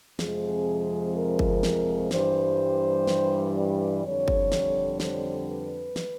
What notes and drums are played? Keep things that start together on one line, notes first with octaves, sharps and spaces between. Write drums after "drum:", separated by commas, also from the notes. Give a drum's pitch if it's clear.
F2 C3 F3 G#3 G#4, drum: snare
A#4
drum: kick G1
drum: snare
G2 E3 G3 C5, drum: snare
drum: snare
D5
F2 D3 G3 C#5
drum: kick G1
drum: snare
C5, drum: snare
B4
drum: snare